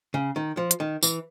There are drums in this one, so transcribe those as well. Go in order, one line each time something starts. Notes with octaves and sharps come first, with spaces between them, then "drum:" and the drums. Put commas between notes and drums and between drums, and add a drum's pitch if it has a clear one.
C#3
D#3
F3
drum: hi-hat
D#3
E3, drum: tambourine